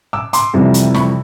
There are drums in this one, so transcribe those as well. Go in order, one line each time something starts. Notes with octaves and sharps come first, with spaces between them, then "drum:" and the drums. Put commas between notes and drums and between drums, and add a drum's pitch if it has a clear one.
D6 E6
C6 D6, drum: hi-hat
F2 C3 E3 G3
drum: hi-hat
B5 C#6, drum: snare